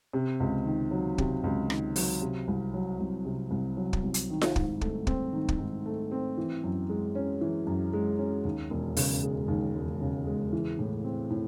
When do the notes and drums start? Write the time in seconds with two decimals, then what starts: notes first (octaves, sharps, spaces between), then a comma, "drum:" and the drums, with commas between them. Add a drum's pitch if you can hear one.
0.13 C3
0.40 C#2
0.65 D#3
0.91 F#3
1.18 C3, drum: kick
1.44 C#2
1.70 D#3, drum: rim click
1.96 F#3, drum: open hi-hat
2.22 C3
2.48 C2
2.74 F#3
3.00 C2
3.25 C3
3.51 C2
3.77 F#3
3.93 drum: kick
4.03 C2
4.14 drum: hi-hat
4.30 D#3
4.41 drum: snare F4
4.56 G#2, drum: kick
4.81 A3, drum: kick
5.07 C4, drum: kick
5.33 D#3
5.49 drum: kick
5.59 G#2
5.86 A3
6.11 C4
6.38 E3
6.64 F#2
6.90 G#3
7.15 C#4
7.41 E3
7.67 F#2
7.94 G#3
8.18 C#4
8.45 D#2
8.70 E1
8.97 C#3, drum: open hi-hat
9.23 G#3
9.48 D#2
9.75 E1
10.01 C#3
10.26 G#3
10.53 E3
10.79 A2
11.04 C4
11.30 A2